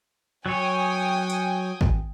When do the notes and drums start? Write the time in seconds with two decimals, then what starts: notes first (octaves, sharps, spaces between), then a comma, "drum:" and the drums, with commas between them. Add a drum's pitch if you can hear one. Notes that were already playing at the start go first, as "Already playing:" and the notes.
0.46 F#3 C#5 G5 G#5 D#6
1.30 drum: hi-hat
1.81 drum: kick G#1